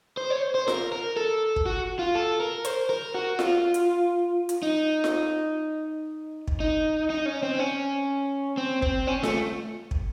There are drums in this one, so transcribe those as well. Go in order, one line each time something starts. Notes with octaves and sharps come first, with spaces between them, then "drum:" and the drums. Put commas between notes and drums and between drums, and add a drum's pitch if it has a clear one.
C5
C#5
C5
C5
A#4, drum: snare F4
A#4
A4
drum: kick
F#4
F4
A4
A#4
C5, drum: hi-hat
A#4
F#4
F4, drum: snare F4
drum: hi-hat
drum: hi-hat
D#4
drum: snare F4
drum: kick
D#4
D#4
C#4
C4
C#4
C4
C4, drum: kick
C#4
A3, drum: snare F4
drum: kick